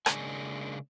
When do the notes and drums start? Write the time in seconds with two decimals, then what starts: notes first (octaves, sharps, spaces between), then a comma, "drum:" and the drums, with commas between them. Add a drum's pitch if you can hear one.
0.06 C#3 G#3 A#3 D4 G#5, drum: rim click